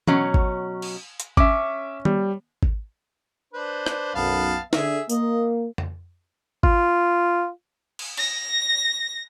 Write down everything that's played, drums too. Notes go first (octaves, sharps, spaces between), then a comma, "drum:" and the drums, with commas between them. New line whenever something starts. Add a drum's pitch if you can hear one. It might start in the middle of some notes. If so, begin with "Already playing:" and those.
B2 F#3 C#4, drum: tom
drum: kick G#1
drum: cymbal
drum: hi-hat
C#4 E5 D6, drum: kick G#1
G3, drum: tom
drum: kick G#1
D4 B4 C5
drum: rim click
B1 F#2 B3 F5 A5
D3 G#4 E5, drum: snare
A#3 D#5, drum: tambourine
drum: tom F2
F4, drum: kick G#1
drum: cymbal
A#6, drum: cymbal